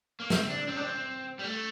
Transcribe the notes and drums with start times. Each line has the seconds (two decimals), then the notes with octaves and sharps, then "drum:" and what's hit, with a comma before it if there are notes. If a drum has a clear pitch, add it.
0.20 A#3
0.30 C4, drum: snare
0.50 D4
0.68 C4
0.76 D4
0.84 C4
1.39 G3
1.44 A3